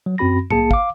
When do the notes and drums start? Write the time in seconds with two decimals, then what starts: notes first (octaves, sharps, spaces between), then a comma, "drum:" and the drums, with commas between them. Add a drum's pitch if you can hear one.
0.06 F#3
0.18 F#2 C4 F#4 B5 A#6
0.50 C2 A#3 G#4 A5 C#7, drum: tom
0.71 F5 D6, drum: kick